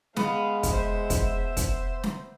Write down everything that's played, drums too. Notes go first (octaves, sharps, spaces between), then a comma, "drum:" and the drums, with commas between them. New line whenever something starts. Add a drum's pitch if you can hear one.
G#3 B3 F5, drum: snare
drum: kick, hi-hat
C5 E5
drum: kick, hi-hat
drum: kick, hi-hat
drum: snare